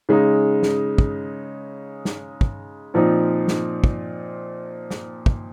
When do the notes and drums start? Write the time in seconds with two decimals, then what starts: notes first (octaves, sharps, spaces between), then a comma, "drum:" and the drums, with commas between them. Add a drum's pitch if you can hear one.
0.09 C#3 G#3 D#4
0.63 drum: snare
0.98 drum: kick
2.05 drum: snare
2.41 drum: kick
2.94 A#2 F3 C4 D#4
3.48 drum: snare
3.84 drum: kick
4.91 drum: snare
5.26 drum: kick